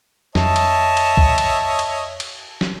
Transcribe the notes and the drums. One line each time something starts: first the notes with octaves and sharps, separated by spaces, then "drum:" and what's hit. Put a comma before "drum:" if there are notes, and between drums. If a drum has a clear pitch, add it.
F2 C#5 D#5 E5 A5, drum: snare
drum: cymbal
drum: cymbal
drum: kick C2
drum: cymbal
drum: cymbal
drum: cymbal
drum: snare